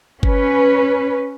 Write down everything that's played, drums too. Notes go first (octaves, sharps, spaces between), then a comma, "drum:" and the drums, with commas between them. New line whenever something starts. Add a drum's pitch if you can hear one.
C#4 B4, drum: kick G1